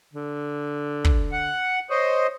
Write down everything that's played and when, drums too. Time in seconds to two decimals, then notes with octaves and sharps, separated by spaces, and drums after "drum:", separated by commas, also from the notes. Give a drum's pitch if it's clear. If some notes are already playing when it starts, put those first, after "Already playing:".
0.14 D3
1.05 drum: kick
1.32 F#5
1.90 C5 C#5 D#5